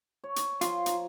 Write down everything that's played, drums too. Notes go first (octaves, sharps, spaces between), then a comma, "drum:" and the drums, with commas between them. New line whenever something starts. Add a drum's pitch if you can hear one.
C#5
drum: hi-hat
F3 F4, drum: hi-hat
A#5, drum: hi-hat